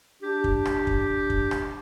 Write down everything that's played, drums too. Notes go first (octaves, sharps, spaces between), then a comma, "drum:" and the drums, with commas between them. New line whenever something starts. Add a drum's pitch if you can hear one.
D4 G4
drum: kick
drum: rim click
drum: kick
drum: kick
drum: rim click